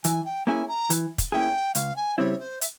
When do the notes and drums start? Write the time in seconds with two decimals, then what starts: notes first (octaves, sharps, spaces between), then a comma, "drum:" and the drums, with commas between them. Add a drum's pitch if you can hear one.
0.04 E3 G#5, drum: hi-hat
0.25 G5
0.47 A#3 C#4 E4 G#4 G#5
0.68 A#5
0.90 E3, drum: hi-hat
1.18 drum: kick, hi-hat
1.32 A#3 C#4 E4 G#4 G5
1.75 C#2 F5, drum: hi-hat
1.96 G#5
2.18 C#3 G3 C4 E4 C#5
2.39 C5
2.61 E5, drum: hi-hat